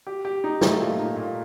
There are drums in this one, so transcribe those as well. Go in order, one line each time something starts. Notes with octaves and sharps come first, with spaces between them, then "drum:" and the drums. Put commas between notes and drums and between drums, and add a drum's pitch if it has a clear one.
G4
G4
D#4
A3, drum: snare
A#2
D#4
A#2